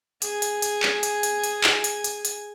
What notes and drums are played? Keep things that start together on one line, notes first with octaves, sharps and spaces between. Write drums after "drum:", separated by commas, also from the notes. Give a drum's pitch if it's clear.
G#4 G#5, drum: hi-hat
drum: hi-hat
drum: hi-hat
drum: clap
drum: hi-hat
drum: hi-hat
drum: hi-hat
drum: clap
drum: hi-hat
drum: hi-hat
drum: hi-hat